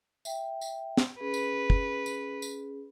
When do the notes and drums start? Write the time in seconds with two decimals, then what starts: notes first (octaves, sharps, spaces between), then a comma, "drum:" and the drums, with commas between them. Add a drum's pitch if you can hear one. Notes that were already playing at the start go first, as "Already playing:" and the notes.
0.25 E5 G5, drum: tambourine
0.61 drum: tambourine
0.97 drum: snare
1.21 C#4 G#4 B4
1.34 drum: tambourine
1.70 drum: kick
2.06 drum: tambourine
2.42 drum: tambourine